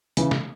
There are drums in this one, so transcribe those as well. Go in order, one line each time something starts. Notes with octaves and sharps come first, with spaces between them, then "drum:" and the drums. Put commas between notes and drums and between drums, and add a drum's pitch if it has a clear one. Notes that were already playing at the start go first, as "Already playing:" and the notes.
C#3 E3, drum: hi-hat
drum: snare